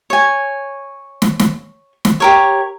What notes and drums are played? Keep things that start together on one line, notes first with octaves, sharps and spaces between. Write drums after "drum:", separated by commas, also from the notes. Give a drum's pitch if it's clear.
C#5 G#5
drum: snare
drum: snare
drum: snare
G4 A#4 C#5